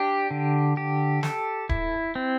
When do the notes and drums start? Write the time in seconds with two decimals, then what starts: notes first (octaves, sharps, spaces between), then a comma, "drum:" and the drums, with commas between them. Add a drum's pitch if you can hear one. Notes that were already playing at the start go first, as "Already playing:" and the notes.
Already playing: D4 G4
0.31 D3
0.77 G4
1.23 A4, drum: snare
1.69 E4, drum: kick D1
2.15 C4